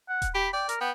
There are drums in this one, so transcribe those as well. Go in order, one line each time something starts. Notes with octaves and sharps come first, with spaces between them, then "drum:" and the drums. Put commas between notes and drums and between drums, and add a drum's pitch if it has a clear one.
F#5
drum: kick D#1, hi-hat
G4 B5
D5 G5
A#4, drum: hi-hat
B3 G5